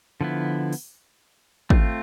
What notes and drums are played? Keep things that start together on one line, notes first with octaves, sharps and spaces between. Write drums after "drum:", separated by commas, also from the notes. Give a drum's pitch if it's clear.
D3 F3 B3 E4
drum: open hi-hat
A3 C4 F4, drum: kick G#1